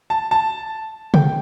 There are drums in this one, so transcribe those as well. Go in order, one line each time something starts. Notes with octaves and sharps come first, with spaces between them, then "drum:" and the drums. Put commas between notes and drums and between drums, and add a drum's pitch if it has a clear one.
A5
A5
G5, drum: tom C3